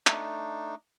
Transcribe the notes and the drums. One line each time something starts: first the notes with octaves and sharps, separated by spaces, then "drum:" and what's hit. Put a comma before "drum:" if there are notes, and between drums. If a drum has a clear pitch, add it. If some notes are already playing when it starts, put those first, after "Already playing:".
A3 D4 D#4, drum: clap